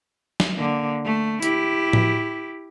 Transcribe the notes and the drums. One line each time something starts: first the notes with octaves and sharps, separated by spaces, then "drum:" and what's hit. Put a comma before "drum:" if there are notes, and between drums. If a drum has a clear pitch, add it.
drum: snare
D3 A#3
A3
E4 G4, drum: hi-hat
drum: tom A2